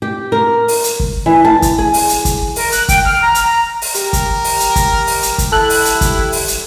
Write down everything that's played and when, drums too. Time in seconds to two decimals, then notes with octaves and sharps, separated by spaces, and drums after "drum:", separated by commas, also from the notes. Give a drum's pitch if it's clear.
0.02 G4
0.32 A#4
0.68 drum: open hi-hat
0.84 drum: hi-hat
1.00 drum: kick
1.26 E3
1.45 A5
1.62 drum: kick, hi-hat
1.78 G#4
1.94 drum: open hi-hat
2.09 drum: hi-hat
2.25 drum: kick, hi-hat
2.56 A#4, drum: open hi-hat
2.72 F#6, drum: hi-hat
2.88 G5, drum: kick, hi-hat
3.05 F6
3.22 A#5
3.35 drum: hi-hat
3.44 A#5
3.82 drum: open hi-hat
3.94 G4 A#4, drum: hi-hat
4.13 drum: kick, hi-hat
4.44 drum: open hi-hat
4.60 drum: hi-hat
4.76 drum: kick, hi-hat
5.07 drum: open hi-hat
5.23 drum: hi-hat
5.38 drum: kick, hi-hat
5.52 E4 A4 F#6
5.70 drum: open hi-hat
5.85 drum: hi-hat
6.01 drum: kick, hi-hat
6.32 drum: open hi-hat
6.48 drum: hi-hat